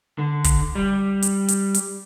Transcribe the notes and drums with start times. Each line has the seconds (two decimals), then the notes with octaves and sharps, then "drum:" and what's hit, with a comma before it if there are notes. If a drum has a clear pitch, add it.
0.18 D3
0.44 drum: kick, hi-hat
0.75 G3
1.22 drum: hi-hat
1.48 drum: hi-hat
1.74 drum: hi-hat